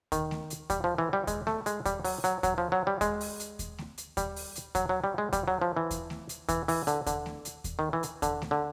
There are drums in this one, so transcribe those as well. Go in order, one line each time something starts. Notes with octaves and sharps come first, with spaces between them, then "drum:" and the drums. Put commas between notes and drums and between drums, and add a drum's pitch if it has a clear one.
D#3, drum: kick D#2, hi-hat
drum: snare A3
drum: hi-hat
G3, drum: kick D#2, hi-hat
F3
E3
G3
G#3, drum: kick D#2, hi-hat
A3, drum: snare A3
G#3, drum: hi-hat
G3, drum: kick D#2, hi-hat
F#3, drum: open hi-hat
F#3, drum: hi-hat
F#3, drum: kick D#2, hi-hat
F3
F#3
G3
G#3, drum: kick D#2, hi-hat
drum: open hi-hat
drum: hi-hat
drum: kick D#2, hi-hat
drum: snare A3
drum: hi-hat
G3, drum: kick D#2, hi-hat
drum: open hi-hat
drum: hi-hat
F#3, drum: kick D#2, hi-hat
F#3
G3
G#3
G3, drum: kick D#2, hi-hat
F#3
F3
E3
drum: kick D#2, hi-hat
drum: snare A3
drum: hi-hat
E3, drum: kick D#2, hi-hat
E3, drum: open hi-hat
D3, drum: hi-hat
D3, drum: kick D#2, hi-hat
drum: snare A3
drum: hi-hat
drum: kick D#2, hi-hat
D#3
E3
drum: hi-hat
D3, drum: kick D#2, hi-hat
drum: snare A3
D3